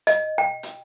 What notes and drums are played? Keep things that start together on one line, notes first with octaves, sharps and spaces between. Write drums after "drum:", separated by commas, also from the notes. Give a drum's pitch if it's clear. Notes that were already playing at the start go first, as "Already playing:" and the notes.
D#5, drum: hi-hat
G5
drum: hi-hat